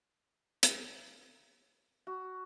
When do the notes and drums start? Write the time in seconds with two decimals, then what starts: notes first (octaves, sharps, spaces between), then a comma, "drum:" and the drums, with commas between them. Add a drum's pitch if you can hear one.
0.63 drum: hi-hat
2.07 F#4